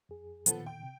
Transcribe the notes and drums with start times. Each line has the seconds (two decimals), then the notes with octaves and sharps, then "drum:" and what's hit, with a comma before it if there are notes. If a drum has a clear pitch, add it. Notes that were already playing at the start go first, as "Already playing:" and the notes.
0.09 F2 G#4
0.46 A#2 D#3 F3 B3 A4, drum: hi-hat
0.66 G5
0.83 C3